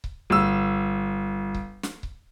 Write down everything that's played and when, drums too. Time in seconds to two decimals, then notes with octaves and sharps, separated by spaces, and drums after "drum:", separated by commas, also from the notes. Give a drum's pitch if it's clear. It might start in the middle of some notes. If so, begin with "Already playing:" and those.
0.04 drum: kick C#1
0.30 G1 E6
1.54 drum: kick C#1
1.83 drum: snare
2.03 drum: kick C#1